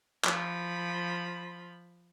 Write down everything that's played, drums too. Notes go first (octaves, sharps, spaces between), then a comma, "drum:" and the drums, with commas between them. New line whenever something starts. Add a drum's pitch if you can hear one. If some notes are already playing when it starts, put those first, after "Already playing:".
F3 B5, drum: clap